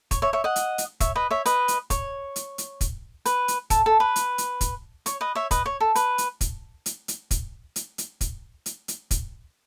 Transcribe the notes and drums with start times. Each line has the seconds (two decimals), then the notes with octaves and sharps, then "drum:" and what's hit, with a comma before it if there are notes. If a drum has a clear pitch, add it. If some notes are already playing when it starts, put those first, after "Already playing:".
0.11 C#5, drum: kick, hi-hat
0.22 C#5 E5
0.33 C#5 E5
0.44 D#5 F#5
0.56 drum: hi-hat
0.78 drum: hi-hat
1.00 C#5 E5, drum: kick, hi-hat
1.16 B4 D#5
1.31 C#5 E5
1.46 B4 D#5, drum: hi-hat
1.68 drum: hi-hat
1.90 C#5, drum: kick, hi-hat
2.36 drum: hi-hat
2.58 drum: hi-hat
2.81 drum: kick, hi-hat
3.25 B4, drum: hi-hat
3.48 drum: hi-hat
3.70 A4, drum: kick, hi-hat
3.86 A4
4.00 B4
4.16 drum: hi-hat
4.38 drum: hi-hat
4.61 drum: kick, hi-hat
5.06 C#5, drum: hi-hat
5.21 B4 D#5
5.35 C#5 E5
5.51 B4 D#5, drum: kick, hi-hat
5.66 C#5
5.80 A4
5.95 B4, drum: hi-hat
6.18 drum: hi-hat
6.41 drum: kick, hi-hat
6.86 drum: hi-hat
7.08 drum: hi-hat
7.31 drum: kick, hi-hat
7.76 drum: hi-hat
7.98 drum: hi-hat
8.21 drum: kick, hi-hat
8.66 drum: hi-hat
8.88 drum: hi-hat
9.11 drum: kick, hi-hat